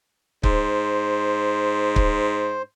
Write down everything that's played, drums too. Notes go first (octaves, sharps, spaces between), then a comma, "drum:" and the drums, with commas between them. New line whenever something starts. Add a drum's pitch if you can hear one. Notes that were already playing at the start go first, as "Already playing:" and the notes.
G#2 C5, drum: kick
drum: kick